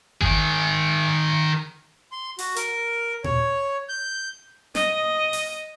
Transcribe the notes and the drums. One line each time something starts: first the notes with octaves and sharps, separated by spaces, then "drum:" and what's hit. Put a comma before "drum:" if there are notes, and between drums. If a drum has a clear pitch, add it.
D#3 G#4, drum: kick G1
C6
F#4, drum: open hi-hat
A#4, drum: hi-hat
C#5, drum: tom
G6
D#5, drum: snare
drum: open hi-hat